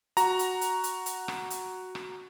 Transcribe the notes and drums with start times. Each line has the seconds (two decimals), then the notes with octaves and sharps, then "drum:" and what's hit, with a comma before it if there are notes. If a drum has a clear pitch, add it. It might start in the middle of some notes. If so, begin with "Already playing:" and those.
0.17 F#4 A#5, drum: hi-hat
0.39 drum: hi-hat
0.61 drum: hi-hat
0.84 drum: hi-hat
1.06 drum: hi-hat
1.28 drum: rim click
1.50 drum: hi-hat
1.95 drum: rim click